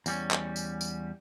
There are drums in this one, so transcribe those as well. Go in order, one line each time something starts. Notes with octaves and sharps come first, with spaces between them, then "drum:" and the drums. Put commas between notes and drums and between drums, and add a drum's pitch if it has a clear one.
E2 G3 C#4, drum: tambourine
drum: clap
drum: tambourine
drum: tambourine